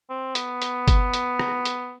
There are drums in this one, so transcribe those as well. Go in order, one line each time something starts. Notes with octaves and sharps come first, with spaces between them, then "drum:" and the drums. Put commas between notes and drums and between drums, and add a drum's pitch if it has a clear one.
C4
B3, drum: hi-hat
drum: hi-hat
drum: kick G1, hi-hat
drum: hi-hat
drum: rim click
drum: hi-hat